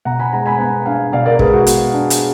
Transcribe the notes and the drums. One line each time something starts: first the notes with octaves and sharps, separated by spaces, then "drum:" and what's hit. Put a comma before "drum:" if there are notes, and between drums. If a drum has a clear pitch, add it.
B2 F#5 A#5
G#5 B5
G#3 F#5 A#5
G#5 B5
B3 F#5 A#5
D4 F5 G#5
B2 D5 F5
A#4 D5
G#3 G#4 B4, drum: kick
F#4
B3, drum: hi-hat
D4
drum: hi-hat